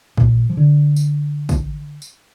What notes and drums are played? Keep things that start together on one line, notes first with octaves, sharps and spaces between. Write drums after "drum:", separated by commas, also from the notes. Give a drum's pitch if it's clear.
A#2, drum: kick
F3
D3
drum: tambourine
drum: kick, tambourine
drum: tambourine